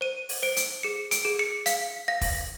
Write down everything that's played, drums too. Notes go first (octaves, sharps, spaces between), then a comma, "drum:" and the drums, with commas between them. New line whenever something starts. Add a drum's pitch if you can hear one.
C5 D#7
drum: open hi-hat
C5 D7
drum: hi-hat
G#4 C#7
D7, drum: hi-hat
G#4
C#7
F5 B6, drum: hi-hat
F5 A#6
drum: kick, open hi-hat